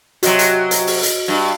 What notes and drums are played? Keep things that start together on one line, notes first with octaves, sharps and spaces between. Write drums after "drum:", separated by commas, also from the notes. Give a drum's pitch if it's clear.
C3 F#3 F#4 D#5 D7, drum: hi-hat
drum: hi-hat
drum: hi-hat
drum: open hi-hat
drum: hi-hat
G2